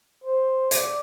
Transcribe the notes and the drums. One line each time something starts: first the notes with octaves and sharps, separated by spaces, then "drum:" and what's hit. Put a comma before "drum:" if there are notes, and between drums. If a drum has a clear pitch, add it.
C5
D5, drum: hi-hat